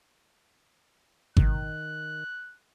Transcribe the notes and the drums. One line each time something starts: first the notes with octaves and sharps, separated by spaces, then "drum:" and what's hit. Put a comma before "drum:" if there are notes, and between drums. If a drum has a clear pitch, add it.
D#3 F#6, drum: kick G#1